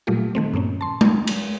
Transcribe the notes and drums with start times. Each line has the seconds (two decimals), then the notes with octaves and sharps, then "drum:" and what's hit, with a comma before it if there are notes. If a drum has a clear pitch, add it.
0.07 A#2 F#3 G3 A3 F4 G4
0.35 D#3 A3 C4
0.54 G2 A#2 A#3 C#4
0.81 A5 C6
1.01 drum: tom G#3
1.27 drum: cymbal